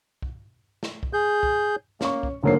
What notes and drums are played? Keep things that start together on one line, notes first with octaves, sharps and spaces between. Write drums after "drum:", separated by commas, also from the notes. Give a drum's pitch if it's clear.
drum: kick
drum: snare
drum: kick
G#4 G6
drum: kick
A#3 C#4 C#6, drum: snare
drum: kick
G#2 D3 F#3 A#3 C7